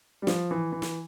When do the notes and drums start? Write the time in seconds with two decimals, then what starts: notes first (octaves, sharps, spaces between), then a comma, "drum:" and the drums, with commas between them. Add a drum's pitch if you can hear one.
0.22 G3
0.27 F3, drum: snare
0.51 E3
0.72 E3
0.82 drum: snare